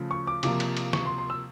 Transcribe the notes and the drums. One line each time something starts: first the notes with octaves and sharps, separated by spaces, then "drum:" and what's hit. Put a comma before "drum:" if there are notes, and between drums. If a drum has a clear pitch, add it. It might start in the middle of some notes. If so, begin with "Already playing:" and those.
Already playing: C#3 F3 A3
C#6
D6
C3 F3 A#3 D6, drum: cymbal
drum: cymbal
drum: cymbal
C#6, drum: snare
C6
C6
E6